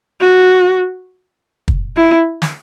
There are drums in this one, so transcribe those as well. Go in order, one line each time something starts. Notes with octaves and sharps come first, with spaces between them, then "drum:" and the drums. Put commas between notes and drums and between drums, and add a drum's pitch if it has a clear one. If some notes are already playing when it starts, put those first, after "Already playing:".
F#4
drum: kick
E4
drum: snare